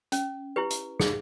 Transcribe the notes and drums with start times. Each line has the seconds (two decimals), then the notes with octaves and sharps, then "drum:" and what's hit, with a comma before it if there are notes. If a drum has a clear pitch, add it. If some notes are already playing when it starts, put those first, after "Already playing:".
0.12 C#4, drum: hi-hat
0.56 E4 G4 B4
0.70 drum: hi-hat
1.00 G#4, drum: snare